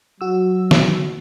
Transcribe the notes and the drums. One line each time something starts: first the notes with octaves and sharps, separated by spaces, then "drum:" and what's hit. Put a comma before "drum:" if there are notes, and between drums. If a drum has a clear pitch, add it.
F#3 F#4 E6
drum: snare